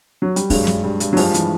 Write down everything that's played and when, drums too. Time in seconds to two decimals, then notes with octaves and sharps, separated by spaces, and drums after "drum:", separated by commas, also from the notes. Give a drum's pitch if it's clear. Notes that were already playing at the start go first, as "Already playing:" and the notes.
0.22 F#3
0.36 G3, drum: hi-hat
0.50 G2 F#3 G#3, drum: kick, open hi-hat
0.67 G2, drum: snare
0.84 G2
1.00 G2, drum: hi-hat
1.13 F#3
1.17 F3 G3 G#3, drum: open hi-hat
1.34 E3, drum: hi-hat